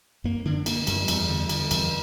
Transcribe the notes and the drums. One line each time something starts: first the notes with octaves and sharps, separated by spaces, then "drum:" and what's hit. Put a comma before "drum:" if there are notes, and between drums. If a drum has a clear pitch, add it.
F#2 A#3
D3 D4
D3 A#3, drum: cymbal
F#2 G3, drum: cymbal
E2, drum: cymbal
D3
D3, drum: cymbal
E2, drum: cymbal